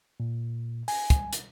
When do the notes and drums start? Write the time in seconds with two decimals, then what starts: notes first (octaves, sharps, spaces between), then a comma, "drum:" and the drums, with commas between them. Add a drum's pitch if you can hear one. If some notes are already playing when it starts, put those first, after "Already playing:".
0.20 A#2
0.88 G#5, drum: open hi-hat
1.10 drum: kick, hi-hat
1.33 drum: hi-hat